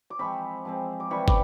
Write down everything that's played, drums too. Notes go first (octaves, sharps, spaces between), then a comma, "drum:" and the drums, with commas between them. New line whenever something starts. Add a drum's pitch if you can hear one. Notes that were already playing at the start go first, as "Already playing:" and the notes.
D6
F3 G#3 C4 B5 C#6
F3 G#3 C4
D6
C3 E3 G3 B5 C#6
D6, drum: kick